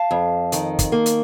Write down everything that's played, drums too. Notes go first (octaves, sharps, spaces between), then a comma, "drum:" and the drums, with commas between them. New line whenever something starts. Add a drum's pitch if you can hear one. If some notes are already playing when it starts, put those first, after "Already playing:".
Already playing: F5 A5
F2
D#3, drum: hi-hat
drum: kick, hi-hat
A#3
drum: hi-hat